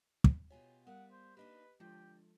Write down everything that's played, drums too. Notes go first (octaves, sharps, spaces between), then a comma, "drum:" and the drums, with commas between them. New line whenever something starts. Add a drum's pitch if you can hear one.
drum: kick
B2 F4 G4 C#5 G#5
G3 B3 A#4 F5 F#5
C5
A#3 D4 D#4 G4 B4 D#5
D3 F3 G#3 F4 G4